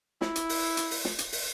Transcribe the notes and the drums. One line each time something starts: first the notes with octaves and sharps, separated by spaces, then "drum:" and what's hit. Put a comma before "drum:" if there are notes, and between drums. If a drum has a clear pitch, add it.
E4, drum: snare
drum: hi-hat
drum: open hi-hat
drum: hi-hat
drum: open hi-hat
drum: snare
drum: hi-hat
drum: open hi-hat